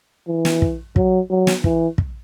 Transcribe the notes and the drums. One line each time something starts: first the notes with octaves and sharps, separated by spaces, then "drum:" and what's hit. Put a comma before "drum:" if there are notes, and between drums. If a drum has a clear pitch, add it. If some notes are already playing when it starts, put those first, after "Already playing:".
E3
drum: snare
drum: kick
F#3, drum: kick
F#3
drum: snare
E3, drum: kick
drum: kick